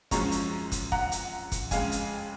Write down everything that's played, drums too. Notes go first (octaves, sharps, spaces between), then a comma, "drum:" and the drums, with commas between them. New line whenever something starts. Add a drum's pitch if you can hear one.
F#2 F3 G#3 C#4 A#5 C#6, drum: kick, hi-hat
drum: hi-hat
drum: kick, hi-hat
F#5 A#5, drum: kick
drum: hi-hat
drum: kick, hi-hat
F2 C#3 G#3 F5 G#5, drum: kick, hi-hat
drum: hi-hat